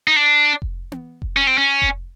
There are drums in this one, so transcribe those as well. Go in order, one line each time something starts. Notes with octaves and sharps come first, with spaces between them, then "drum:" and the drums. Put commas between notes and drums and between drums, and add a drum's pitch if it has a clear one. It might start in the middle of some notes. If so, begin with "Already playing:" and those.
D#4
D4
drum: kick F1
drum: tom B3
drum: kick F1
C#4
C4
C#4
drum: kick F1